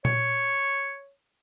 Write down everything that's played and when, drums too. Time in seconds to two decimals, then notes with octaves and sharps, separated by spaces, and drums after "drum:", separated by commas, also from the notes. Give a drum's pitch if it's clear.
0.05 C#5, drum: tom A#2